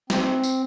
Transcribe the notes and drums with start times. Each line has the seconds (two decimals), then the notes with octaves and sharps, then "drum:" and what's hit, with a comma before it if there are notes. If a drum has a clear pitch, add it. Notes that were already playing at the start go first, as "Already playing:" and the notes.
0.10 C4, drum: snare
0.44 drum: tambourine